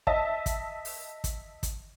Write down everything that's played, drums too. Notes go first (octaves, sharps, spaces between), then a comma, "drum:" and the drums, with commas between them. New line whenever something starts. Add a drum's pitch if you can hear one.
D#5 E5 A5, drum: kick
drum: kick, hi-hat
drum: open hi-hat
drum: kick, hi-hat
drum: kick, hi-hat